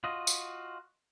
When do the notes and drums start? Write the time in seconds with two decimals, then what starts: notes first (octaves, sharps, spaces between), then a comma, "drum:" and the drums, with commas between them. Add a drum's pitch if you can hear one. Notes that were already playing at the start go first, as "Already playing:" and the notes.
0.04 F4 F#4 D#5
0.27 drum: tambourine